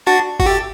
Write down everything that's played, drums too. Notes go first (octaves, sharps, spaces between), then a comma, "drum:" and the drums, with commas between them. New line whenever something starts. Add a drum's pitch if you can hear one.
D4 F#4
F#4, drum: kick
G4 A4 E5